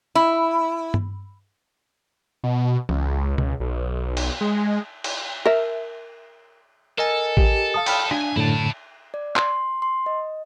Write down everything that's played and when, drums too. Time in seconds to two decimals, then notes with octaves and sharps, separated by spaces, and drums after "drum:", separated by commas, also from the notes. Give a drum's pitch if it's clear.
0.15 E4
0.94 drum: tom G2
2.44 B2
2.89 C#2, drum: tom E3
3.38 C#2, drum: tom B2
3.60 B1
4.17 drum: cymbal
4.41 G#3
5.04 drum: cymbal
5.45 A#4 E5
6.98 A4 A#4 D#5 G#5
7.37 G4, drum: kick A1
7.74 F5 A5 D#6
7.86 G5 B5 F6, drum: cymbal
8.11 D4 G#5, drum: rim click
8.36 F#2 A2 D3 E4 A5
9.14 D5
9.36 C6, drum: clap
9.82 C6
10.06 D#5